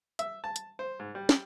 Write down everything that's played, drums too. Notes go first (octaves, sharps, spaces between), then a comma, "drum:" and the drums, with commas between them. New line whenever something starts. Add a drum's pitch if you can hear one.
E5, drum: hi-hat
A5
drum: hi-hat
C5
G#2
G3
drum: snare